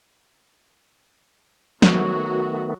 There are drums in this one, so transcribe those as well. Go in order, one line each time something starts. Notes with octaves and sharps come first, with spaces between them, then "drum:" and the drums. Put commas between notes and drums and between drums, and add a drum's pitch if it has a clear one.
D#3 F#3 A3 B3 F#4, drum: snare